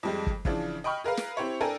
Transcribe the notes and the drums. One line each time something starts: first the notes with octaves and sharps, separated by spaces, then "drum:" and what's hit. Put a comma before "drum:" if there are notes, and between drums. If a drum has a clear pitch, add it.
F2 G3 G#3
drum: kick
C#3 E3 F3 D4, drum: kick
D#5 G5 B5 C#6 F6
G#4 A#4 B4 F5
drum: snare
C4 E4 G4 C5 C#5
D4 A4 A#4 G5 G#5